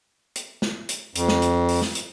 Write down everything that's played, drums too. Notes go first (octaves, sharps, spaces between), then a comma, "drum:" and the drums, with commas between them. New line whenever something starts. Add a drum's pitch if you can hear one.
drum: hi-hat
drum: snare
drum: hi-hat
F2, drum: hi-hat
drum: snare
drum: hi-hat
drum: open hi-hat
drum: snare
drum: hi-hat